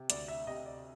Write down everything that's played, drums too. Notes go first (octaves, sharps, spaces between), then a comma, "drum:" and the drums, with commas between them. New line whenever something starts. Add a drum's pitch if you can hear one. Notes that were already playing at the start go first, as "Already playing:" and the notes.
Already playing: C3
D2 D5, drum: hi-hat
E5
C3 D#5
D5